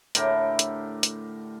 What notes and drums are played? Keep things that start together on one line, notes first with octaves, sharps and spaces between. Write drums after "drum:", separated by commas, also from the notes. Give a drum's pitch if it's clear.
A2 D3 G4 A#4, drum: hi-hat
drum: hi-hat
drum: hi-hat